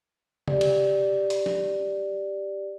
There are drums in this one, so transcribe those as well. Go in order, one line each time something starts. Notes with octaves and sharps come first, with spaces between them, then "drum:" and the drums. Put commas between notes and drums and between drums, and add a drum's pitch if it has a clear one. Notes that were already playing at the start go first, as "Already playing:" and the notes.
G4 D5, drum: tom C3
drum: cymbal
drum: hi-hat
drum: snare